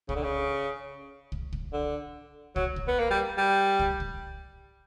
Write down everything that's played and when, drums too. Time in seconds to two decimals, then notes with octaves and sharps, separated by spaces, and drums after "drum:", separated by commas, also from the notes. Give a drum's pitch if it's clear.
0.09 C#3, drum: kick
0.16 D3
0.23 C#3
1.32 drum: kick
1.53 drum: kick
1.73 D3
2.56 F#3, drum: kick
2.76 drum: kick
2.88 B3
2.99 A#3
3.11 G3
3.38 G3
3.79 drum: kick
4.00 drum: kick